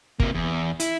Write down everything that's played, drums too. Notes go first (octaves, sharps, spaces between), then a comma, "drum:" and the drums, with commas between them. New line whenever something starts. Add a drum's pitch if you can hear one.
C3 A#3, drum: kick
E2
E4, drum: hi-hat